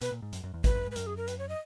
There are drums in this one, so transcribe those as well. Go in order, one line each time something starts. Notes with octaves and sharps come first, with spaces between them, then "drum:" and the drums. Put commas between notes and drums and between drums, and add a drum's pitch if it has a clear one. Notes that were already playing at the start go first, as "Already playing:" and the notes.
B2 B4, drum: hi-hat
A#2
G#2
F#2, drum: hi-hat
F#2
E2
F#2 B4, drum: kick G#1, hi-hat
F#2
G#2
B4
F#2 A#4, drum: hi-hat
G#4
A#4
B4, drum: hi-hat
C#5
D#5